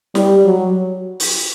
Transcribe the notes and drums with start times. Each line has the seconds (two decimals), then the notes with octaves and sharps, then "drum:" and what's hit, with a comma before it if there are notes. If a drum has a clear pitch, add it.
0.15 G3, drum: snare
0.45 F#3
1.20 drum: open hi-hat